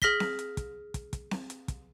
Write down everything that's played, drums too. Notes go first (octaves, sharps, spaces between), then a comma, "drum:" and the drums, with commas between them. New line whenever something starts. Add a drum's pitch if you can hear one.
G#4 F6 A#6 B6 G7, drum: kick
drum: snare C4
drum: hi-hat
drum: kick, hi-hat
drum: kick, hi-hat
drum: kick, hi-hat
drum: snare C4
drum: hi-hat
drum: kick, hi-hat